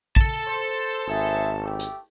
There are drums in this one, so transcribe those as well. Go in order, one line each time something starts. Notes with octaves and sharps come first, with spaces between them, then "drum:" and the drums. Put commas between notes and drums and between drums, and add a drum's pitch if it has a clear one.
A4 A5, drum: kick
C5
G#1 G#4 C5 E5
A3 G4
drum: hi-hat